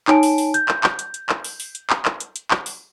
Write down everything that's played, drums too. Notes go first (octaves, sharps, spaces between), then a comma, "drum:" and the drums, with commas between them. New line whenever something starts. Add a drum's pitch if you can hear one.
D#4 C#5 G#5 A5 D7, drum: clap
drum: open hi-hat
drum: open hi-hat
G6, drum: hi-hat
drum: clap
drum: clap
drum: hi-hat
drum: hi-hat
drum: clap
drum: open hi-hat
drum: open hi-hat
drum: hi-hat
drum: clap
drum: clap
drum: hi-hat
drum: hi-hat
drum: clap
drum: open hi-hat